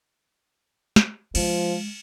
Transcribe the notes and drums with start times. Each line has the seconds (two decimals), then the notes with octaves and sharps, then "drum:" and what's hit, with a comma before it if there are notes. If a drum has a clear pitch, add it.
0.96 drum: snare
1.35 F3 G#3, drum: cymbal